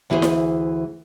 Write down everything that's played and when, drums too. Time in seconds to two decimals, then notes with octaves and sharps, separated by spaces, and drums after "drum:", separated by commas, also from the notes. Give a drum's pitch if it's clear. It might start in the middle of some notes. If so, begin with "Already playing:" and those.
0.10 D2 E3 E4 F#4 G#4 C5
0.22 drum: snare E4